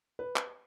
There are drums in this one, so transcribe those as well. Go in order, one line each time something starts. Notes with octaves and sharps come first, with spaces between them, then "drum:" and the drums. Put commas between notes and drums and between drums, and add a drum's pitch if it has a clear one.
B4
drum: clap